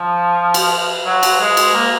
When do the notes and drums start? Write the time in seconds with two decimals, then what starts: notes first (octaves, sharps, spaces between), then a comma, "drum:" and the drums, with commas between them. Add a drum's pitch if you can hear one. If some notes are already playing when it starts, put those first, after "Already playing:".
Already playing: F3
0.54 drum: cymbal
1.06 F#3
1.23 drum: cymbal
1.40 G#3
1.57 drum: cymbal
1.74 A#3